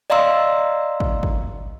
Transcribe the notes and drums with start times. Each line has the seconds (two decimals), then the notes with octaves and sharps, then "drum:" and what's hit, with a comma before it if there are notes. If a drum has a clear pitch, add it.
0.10 D5 D#5 F5 A#5 C6 E6
1.00 drum: kick
1.23 drum: kick